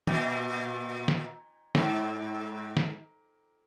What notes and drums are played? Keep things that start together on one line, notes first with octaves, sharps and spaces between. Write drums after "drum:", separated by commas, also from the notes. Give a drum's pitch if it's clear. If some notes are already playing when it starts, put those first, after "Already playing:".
A#2, drum: tom
drum: snare
G#2, drum: snare
drum: snare